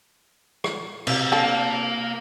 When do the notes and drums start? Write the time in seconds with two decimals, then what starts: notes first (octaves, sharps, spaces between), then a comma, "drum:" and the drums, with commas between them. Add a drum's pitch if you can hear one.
0.64 drum: rim click
1.07 C3, drum: cymbal
1.32 A#3 D4 A4 F5